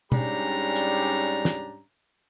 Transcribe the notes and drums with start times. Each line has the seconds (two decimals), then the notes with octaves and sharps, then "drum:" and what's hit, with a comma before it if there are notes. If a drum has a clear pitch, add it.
0.12 G#2 G3 C#4 D4 G4 A#5, drum: tom B2
0.76 drum: hi-hat
1.45 drum: snare